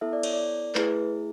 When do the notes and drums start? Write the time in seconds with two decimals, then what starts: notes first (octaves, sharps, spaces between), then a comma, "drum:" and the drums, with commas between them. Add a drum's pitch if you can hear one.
0.01 B3 E4 A4 E5
0.13 D5
0.23 C#5, drum: cymbal
0.34 D5
0.75 A3 E4 G#4 B4, drum: clap